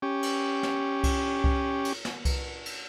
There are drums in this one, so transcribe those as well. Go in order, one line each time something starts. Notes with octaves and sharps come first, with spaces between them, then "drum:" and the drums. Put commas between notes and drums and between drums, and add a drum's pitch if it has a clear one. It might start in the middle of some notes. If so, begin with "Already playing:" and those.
C#4 G4
drum: cymbal
drum: snare
drum: kick C2, cymbal
drum: kick C2
drum: cymbal
drum: snare
drum: kick C2, cymbal
drum: cymbal